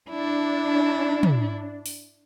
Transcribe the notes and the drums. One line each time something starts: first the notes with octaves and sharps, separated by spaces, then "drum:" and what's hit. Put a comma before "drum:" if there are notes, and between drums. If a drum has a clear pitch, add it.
D4 E4
drum: tom
drum: open hi-hat